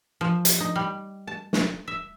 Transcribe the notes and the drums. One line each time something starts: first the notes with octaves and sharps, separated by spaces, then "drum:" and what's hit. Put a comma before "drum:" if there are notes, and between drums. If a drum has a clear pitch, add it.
F3
drum: hi-hat
D#4
G3
A5
drum: snare
E5